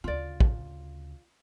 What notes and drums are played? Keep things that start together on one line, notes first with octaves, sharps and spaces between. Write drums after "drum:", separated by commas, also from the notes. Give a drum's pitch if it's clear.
D2 C#3 F4 D5
drum: kick